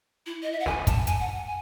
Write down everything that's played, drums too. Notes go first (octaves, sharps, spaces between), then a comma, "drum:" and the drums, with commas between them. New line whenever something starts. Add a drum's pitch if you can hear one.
E4
D#5
E5
F#5
G#5, drum: snare
A5, drum: kick, hi-hat
G#5, drum: hi-hat
F#5
F#5
G#5